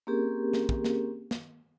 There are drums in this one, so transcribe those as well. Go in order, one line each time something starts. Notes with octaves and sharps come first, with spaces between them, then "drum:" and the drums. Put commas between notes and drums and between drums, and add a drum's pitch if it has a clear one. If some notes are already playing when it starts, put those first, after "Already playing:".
A#3 C4 C#4 G4 G#4 A#4
drum: snare
drum: kick
drum: snare
drum: snare